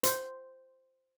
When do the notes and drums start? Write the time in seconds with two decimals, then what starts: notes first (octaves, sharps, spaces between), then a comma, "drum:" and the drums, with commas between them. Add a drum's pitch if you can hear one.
0.03 C5, drum: hi-hat